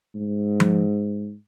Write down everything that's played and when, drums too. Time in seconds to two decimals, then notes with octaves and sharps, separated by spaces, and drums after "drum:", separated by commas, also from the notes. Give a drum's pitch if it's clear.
0.15 G#2
0.60 drum: tom F3